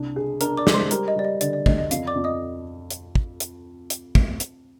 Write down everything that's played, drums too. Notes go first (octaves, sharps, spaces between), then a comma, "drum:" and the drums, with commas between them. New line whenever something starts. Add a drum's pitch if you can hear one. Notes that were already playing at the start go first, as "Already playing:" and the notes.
Already playing: C2 D4
G#4
D4 A#4 A#5, drum: hi-hat
D5 D6
G#3, drum: snare
C5 C6
G3 A#4 A#5, drum: hi-hat
D#5
G3 D5
D#5
D3 D5, drum: hi-hat
D5
D2 D#5, drum: kick
D#5
F2 F5, drum: hi-hat
D5 D6
F2
D#5 D#6
drum: hi-hat
drum: kick
drum: hi-hat
drum: hi-hat
drum: kick
drum: hi-hat